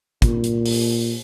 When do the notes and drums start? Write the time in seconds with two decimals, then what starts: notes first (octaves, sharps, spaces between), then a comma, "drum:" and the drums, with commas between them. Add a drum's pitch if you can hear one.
0.22 A#2, drum: kick, hi-hat
0.44 drum: hi-hat
0.66 drum: open hi-hat